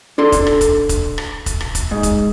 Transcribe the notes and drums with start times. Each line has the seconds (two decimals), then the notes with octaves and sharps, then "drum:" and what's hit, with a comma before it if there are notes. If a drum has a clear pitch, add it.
0.18 D4 A4 C6
0.32 drum: kick E1, hi-hat
0.47 drum: rim click
0.61 drum: kick E1, hi-hat
0.89 drum: kick E1, hi-hat
1.18 drum: rim click
1.46 drum: kick E1, hi-hat
1.60 drum: rim click
1.75 drum: kick E1, hi-hat
1.91 G#2
2.03 drum: kick E1, hi-hat